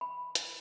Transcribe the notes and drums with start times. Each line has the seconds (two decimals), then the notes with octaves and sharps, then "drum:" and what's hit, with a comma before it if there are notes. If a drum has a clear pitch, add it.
0.01 B5
0.35 drum: hi-hat